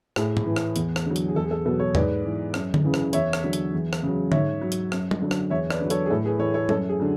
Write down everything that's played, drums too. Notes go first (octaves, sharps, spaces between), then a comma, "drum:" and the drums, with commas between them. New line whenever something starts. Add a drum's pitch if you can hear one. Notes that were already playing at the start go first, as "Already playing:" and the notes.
A2 G#4, drum: rim click
drum: tom G#2
E3
drum: rim click
E2, drum: hi-hat
drum: rim click
D3 F#3
drum: hi-hat
G#4
E2 A4
G#4
A4
B2 F#3 A4
A4 C#5
G#2 B4 D5, drum: tom
E3
F#2, drum: rim click
drum: tom D3
C#3 E3
drum: rim click
E2 C#5 E5, drum: hi-hat
drum: rim click
D3 F#3
drum: hi-hat
E2
drum: rim click
C#3 F#3
G#2 C#5 E5, drum: tom D3
F#3
drum: hi-hat
F#2, drum: rim click
drum: tom
D3 F#3
drum: rim click
E2 C#5 E5
B4 D5, drum: rim click
D3 F#3
A4 C#5, drum: hi-hat
G#4
A2 A4
G#4 B4
E3 A4 C#5
A4 C#5
F#2 A4, drum: tom
G#4
D3 F#3